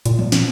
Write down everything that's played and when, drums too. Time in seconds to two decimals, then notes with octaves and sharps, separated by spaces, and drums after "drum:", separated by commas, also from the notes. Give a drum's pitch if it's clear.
0.05 A#2, drum: hi-hat
0.19 drum: tom
0.32 drum: snare